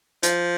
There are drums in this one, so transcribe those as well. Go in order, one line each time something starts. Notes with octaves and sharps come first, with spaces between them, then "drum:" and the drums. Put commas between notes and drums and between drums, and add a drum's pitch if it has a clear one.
F3, drum: hi-hat